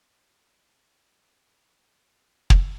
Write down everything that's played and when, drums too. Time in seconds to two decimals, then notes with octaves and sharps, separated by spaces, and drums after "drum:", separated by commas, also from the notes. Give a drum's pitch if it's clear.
0.03 G#3 B3 D#4
2.06 B2 D3 G3 G#3 A#3
2.50 drum: kick